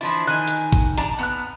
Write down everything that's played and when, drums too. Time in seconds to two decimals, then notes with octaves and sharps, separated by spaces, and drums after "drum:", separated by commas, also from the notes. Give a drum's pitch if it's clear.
0.01 E3 F3 D4 E4
0.27 D#3 G#5 F#6
0.47 drum: hi-hat
0.72 drum: kick
0.98 D4 A5 A#5, drum: hi-hat
1.19 B3 F6 F#6